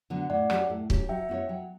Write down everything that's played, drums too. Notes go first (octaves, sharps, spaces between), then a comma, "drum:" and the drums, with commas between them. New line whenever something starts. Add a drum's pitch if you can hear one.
D3 F#3 B3
A2 D5 F#5
F#3 C#4 G4, drum: rim click
A2
F#3 C#4 G4, drum: kick
F#3 E5 G5
B3 F#4 C#5
F#3